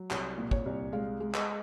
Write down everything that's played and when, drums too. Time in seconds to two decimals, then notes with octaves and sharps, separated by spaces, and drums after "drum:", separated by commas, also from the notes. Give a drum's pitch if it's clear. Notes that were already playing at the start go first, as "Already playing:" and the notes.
Already playing: F#3
0.11 C2 C#5, drum: clap
0.38 A#2
0.51 C#5, drum: kick
0.66 C2
0.93 G#3 F5
1.20 G#3
1.34 D#5, drum: clap